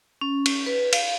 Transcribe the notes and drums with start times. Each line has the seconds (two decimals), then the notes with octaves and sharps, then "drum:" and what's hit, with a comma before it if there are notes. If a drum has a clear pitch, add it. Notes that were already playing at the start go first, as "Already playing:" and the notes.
0.21 C#4
0.46 drum: cymbal
0.66 B4
0.93 F5, drum: cymbal